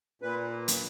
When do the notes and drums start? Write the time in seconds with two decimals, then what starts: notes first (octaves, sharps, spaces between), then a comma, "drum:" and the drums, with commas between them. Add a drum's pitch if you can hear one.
0.22 A#2 B4
0.68 drum: hi-hat